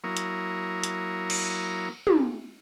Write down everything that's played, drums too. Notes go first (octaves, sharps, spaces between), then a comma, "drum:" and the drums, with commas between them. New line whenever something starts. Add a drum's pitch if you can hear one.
F#3 A#3 E4 A#4 C#6 D#6
drum: hi-hat
drum: hi-hat
drum: cymbal
drum: tom